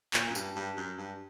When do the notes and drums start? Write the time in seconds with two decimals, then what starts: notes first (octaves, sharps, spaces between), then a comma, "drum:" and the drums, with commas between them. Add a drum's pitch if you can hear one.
0.14 A#2, drum: clap
0.30 F#2
0.35 G2, drum: tambourine
0.56 G2
0.77 F#2
0.98 G2